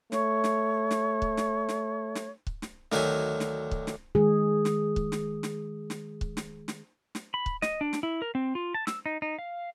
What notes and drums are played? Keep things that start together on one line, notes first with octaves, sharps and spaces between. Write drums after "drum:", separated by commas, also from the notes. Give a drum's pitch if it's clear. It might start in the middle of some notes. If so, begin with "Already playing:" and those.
A3 C#5, drum: snare
drum: snare
drum: snare
drum: kick C#1
drum: snare
drum: snare
drum: snare
drum: kick C#1
drum: snare
D2 D#3 F#3 E5 G#5, drum: snare
drum: snare
drum: kick C#1
drum: snare
D#3 G#3 G#4
drum: snare
drum: kick C#1
drum: snare
drum: snare
drum: snare
drum: kick C#1
drum: snare
drum: snare
drum: snare
B5
drum: kick C#1
D#5, drum: snare
D4
drum: snare
E4
A#4
C4
F4
A5
E6, drum: snare
D#4
D#4
F5